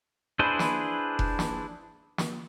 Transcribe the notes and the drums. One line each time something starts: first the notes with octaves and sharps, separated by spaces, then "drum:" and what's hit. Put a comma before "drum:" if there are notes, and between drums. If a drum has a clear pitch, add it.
D4 E4 G#4 B4 C5
drum: snare
drum: kick F1
drum: snare
drum: snare